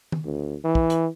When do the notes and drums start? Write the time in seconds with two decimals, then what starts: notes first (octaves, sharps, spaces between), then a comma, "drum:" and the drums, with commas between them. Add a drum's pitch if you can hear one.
0.12 drum: tom D#3
0.25 D2
0.64 E3
0.75 drum: kick
0.90 drum: hi-hat